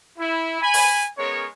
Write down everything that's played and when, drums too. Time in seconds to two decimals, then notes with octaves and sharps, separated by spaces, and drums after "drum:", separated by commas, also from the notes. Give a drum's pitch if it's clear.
0.19 E4
0.62 G#5 B5
0.74 drum: open hi-hat
1.18 G#3 B3 C#4 A#4 C#5